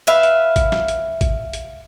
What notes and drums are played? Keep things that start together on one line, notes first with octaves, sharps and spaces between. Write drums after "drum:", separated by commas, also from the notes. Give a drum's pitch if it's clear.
B4 E5 F5
drum: hi-hat
drum: kick G#1, hi-hat
drum: snare
drum: hi-hat
drum: kick G#1, hi-hat
drum: hi-hat